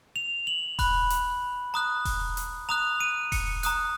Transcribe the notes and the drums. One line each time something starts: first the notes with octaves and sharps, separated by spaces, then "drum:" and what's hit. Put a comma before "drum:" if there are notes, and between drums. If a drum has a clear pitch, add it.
F7
F#7
B5 F#6, drum: kick E1, open hi-hat
drum: hi-hat
A#5 D#6 F#6
drum: kick E1, open hi-hat
drum: hi-hat
A#5 D#6 F#6 F7
D#7
C#7, drum: kick E1, open hi-hat
A#5 D#6 F#6, drum: hi-hat